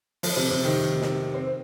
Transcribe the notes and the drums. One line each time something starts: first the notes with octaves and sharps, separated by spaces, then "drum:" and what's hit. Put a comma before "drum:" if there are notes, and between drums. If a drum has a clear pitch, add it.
F3, drum: open hi-hat
C3
C3
D#3
drum: snare
C4